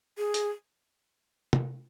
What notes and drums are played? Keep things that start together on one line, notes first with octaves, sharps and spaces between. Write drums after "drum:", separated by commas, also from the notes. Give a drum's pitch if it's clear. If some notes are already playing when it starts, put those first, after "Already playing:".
G#4
drum: hi-hat
drum: tom